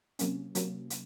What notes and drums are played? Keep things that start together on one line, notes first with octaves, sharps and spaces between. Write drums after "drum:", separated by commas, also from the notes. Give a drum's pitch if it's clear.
C3 F#3 A#3 C#4, drum: hi-hat
C3 F#3 A#3 C#4, drum: hi-hat
drum: hi-hat